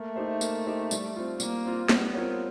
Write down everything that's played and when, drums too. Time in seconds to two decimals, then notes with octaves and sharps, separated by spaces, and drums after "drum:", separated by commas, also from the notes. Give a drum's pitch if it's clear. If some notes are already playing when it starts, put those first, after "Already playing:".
Already playing: A3 A#3
0.16 D#4 G4 C5 E5
0.41 A#3, drum: tambourine
0.66 D#4 G4 C5 E5
0.91 G3, drum: tambourine
1.16 C4 F4
1.40 G3 A#3, drum: tambourine
1.66 C4 F4
1.89 G3 B3, drum: snare
2.14 C4 F4 A#4 C#5